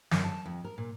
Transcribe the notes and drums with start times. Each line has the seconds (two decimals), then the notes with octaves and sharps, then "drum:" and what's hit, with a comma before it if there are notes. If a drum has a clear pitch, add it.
0.11 F#2, drum: snare
0.24 A5
0.46 F2
0.65 A#4
0.78 A#2